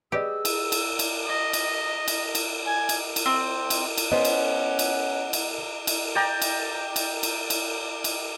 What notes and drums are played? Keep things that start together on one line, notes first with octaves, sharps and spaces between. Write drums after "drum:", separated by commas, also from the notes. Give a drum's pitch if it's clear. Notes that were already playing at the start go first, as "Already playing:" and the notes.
G4 G#4 B4 D5 D#5 E6
drum: cymbal
drum: cymbal
drum: cymbal
D#5
drum: cymbal
drum: cymbal
drum: cymbal
G#5
drum: cymbal
drum: cymbal
C4
drum: cymbal
drum: cymbal
B3 C#4 C5 D#5 F#5
drum: cymbal
drum: cymbal
drum: cymbal
drum: cymbal
D5 G5 A#5
drum: cymbal
drum: cymbal
drum: cymbal
drum: cymbal
drum: cymbal